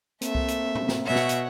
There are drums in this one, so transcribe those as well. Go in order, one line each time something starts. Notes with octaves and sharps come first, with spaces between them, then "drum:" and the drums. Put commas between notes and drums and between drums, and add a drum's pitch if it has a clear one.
A3 A#3 C4 E5, drum: hi-hat
drum: kick C2
drum: hi-hat
drum: tom
drum: snare
B2 C#5 E5 F#5
drum: snare
drum: hi-hat